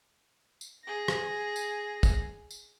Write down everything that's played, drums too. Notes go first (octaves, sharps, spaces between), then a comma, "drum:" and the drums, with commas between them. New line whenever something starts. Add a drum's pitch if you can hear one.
drum: tambourine
G#4 A#6
drum: rim click
drum: tambourine
drum: kick, tambourine
drum: tambourine